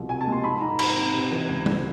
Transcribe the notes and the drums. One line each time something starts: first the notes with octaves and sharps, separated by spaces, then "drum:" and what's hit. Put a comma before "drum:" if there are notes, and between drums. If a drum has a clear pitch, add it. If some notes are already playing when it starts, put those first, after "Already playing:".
Already playing: C2 B2 F3
C3 G#5
A5
G#3
C6
G#2 B5
G#2 A#5
D#3 B5, drum: cymbal
C4
C3
E3
C#2
C#2, drum: tom G3